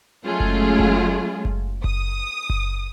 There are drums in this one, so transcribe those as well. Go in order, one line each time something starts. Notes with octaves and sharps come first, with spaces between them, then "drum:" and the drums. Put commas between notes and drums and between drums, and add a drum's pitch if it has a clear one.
F#3 G#3 A3 C#4 F4 G#4
drum: kick F#1
drum: kick F#1
drum: kick F#1
D#6, drum: kick F#1
drum: kick F#1